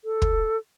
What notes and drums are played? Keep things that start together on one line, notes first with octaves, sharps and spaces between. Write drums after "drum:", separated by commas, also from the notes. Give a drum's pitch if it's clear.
A4
drum: kick